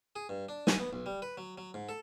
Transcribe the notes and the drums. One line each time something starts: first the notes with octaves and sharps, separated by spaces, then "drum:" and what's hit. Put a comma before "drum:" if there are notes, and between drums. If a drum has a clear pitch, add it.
G#4
G2
D4
G#5, drum: snare
B3
B1
G3
B4
F#3
F#3
G#2
A4